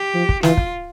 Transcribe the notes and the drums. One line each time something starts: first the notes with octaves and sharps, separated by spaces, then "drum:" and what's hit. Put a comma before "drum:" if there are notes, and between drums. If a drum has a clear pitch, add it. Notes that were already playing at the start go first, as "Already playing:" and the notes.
Already playing: G4
F3
drum: kick
E3 F4, drum: snare
drum: kick